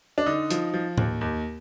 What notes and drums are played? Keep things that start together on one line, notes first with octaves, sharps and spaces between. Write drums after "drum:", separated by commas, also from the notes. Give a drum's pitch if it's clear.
D4
D3 D#4
F3, drum: hi-hat
F3
D#2, drum: tom A2
D#2